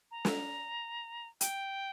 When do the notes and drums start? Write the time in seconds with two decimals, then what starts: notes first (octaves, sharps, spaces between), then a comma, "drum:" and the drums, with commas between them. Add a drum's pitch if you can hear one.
0.11 A#5
0.25 drum: snare
1.41 G5, drum: hi-hat